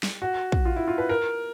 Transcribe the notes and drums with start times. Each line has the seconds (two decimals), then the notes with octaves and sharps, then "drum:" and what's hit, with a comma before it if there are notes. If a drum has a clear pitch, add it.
0.03 drum: snare
0.22 F#4
0.52 drum: kick
0.65 F4
0.76 E4
0.88 F4
0.98 B4
1.09 A#4